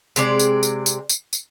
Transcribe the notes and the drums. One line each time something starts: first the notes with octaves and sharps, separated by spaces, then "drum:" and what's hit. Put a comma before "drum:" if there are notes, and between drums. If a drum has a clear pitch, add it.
C3 G#3 D5, drum: tambourine
drum: tambourine
drum: tambourine
drum: tambourine
drum: tambourine
drum: tambourine